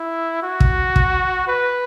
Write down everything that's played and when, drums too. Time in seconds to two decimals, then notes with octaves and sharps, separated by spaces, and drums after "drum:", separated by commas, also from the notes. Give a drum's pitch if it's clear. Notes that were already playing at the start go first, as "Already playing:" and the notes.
Already playing: E4
0.43 F#4
0.60 drum: kick
0.96 drum: kick
1.48 B4